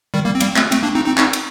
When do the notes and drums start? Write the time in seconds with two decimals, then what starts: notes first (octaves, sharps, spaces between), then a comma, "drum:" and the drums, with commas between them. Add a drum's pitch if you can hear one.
0.14 D#3 G3
0.25 G3 A#3
0.35 C4
0.40 G3 A#3, drum: cymbal
0.56 A3 C4, drum: clap
0.72 A3 C4, drum: cymbal
0.83 A#3 D4
0.95 C4 D#4
1.06 C4 D#4
1.17 C4 D#4, drum: clap
1.33 drum: cymbal